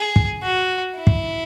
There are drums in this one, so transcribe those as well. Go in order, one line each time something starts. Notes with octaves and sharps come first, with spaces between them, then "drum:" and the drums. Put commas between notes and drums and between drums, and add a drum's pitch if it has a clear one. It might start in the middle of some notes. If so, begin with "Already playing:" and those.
Already playing: G#4
drum: kick
F#4
E4
drum: kick